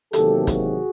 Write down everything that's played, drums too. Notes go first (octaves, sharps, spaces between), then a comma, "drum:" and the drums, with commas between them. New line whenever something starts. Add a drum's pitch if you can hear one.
E2 C3 D#3 F#3 A#3 G4 A4, drum: hi-hat
F#4 G#4, drum: kick, hi-hat